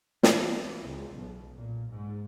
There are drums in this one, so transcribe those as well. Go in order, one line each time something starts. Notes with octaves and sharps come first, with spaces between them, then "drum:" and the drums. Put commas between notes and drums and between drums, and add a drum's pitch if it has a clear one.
E3, drum: snare
C#2
B1
A#2
G#2